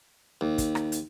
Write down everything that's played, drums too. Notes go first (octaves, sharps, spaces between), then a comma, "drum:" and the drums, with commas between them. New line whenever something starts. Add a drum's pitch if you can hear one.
D#2
drum: kick, hi-hat
drum: rim click
drum: hi-hat